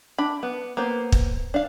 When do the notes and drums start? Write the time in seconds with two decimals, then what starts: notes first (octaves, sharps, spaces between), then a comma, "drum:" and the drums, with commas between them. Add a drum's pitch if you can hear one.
0.18 D4 B5
0.43 B3
0.77 A#3 B3 C5
1.12 drum: kick
1.54 D4 F5